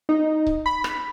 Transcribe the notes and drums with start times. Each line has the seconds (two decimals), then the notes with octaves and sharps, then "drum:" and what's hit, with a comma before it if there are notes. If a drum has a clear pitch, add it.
0.09 D#4
0.47 drum: kick C#1
0.66 B5
0.84 drum: rim click